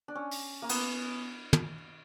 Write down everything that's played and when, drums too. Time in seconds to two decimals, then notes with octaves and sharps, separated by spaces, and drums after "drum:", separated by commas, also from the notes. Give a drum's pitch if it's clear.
0.08 D4
0.15 C#4
0.31 drum: open hi-hat
0.62 A#3
0.69 B3, drum: cymbal
1.53 drum: tom